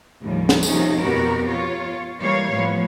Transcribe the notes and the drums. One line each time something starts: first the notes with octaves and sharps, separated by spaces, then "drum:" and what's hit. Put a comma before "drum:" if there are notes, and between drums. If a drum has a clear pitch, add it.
D#2 A2 C#3 F3 G3
drum: snare
C3 F3 A#3 C#4 D#4, drum: tambourine
F2 B2 B3 F#4 G4 A#4
F4 C#5
E3 G3 A#3 C#5 F5
A2 F3 B3